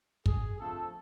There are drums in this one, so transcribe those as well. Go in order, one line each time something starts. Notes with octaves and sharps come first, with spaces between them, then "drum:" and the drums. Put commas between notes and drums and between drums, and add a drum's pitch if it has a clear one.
G#4, drum: kick
D3 F3 A3 C4 A4